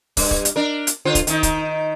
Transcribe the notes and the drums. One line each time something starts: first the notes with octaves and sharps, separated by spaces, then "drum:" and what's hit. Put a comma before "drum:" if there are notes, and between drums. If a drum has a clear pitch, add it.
G2, drum: kick, open hi-hat
drum: kick
drum: hi-hat
D4 A#4
drum: hi-hat
D3 F4 C5
drum: kick, hi-hat
D#3 D#4, drum: hi-hat
drum: kick, hi-hat